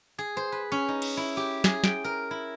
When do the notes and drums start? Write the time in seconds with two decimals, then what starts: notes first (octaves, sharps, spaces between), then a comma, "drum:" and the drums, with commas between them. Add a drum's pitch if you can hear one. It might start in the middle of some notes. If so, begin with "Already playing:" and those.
0.19 G#4
0.37 C5
0.52 B4
0.72 C#4
0.88 D#4
1.02 drum: cymbal
1.17 E4
1.37 G4
1.64 G#4, drum: snare
1.84 G5, drum: snare
2.04 A#4
2.31 E4